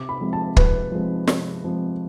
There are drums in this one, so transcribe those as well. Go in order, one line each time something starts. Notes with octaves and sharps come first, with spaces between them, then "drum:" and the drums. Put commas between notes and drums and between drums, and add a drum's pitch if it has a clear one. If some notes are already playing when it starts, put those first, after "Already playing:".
Already playing: C3 D6
B5
F3 G#3 C4
A5
C3 B4, drum: kick
F3 G#3 C4
C3, drum: snare
F3 G#3 C4